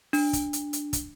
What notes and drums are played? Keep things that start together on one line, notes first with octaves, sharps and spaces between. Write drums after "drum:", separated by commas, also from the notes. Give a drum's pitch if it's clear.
D4, drum: open hi-hat
drum: kick, hi-hat
drum: hi-hat
drum: hi-hat
drum: kick, hi-hat